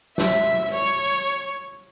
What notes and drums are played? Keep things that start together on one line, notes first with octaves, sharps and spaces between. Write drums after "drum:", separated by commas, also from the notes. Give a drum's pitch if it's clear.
E5, drum: snare
C#5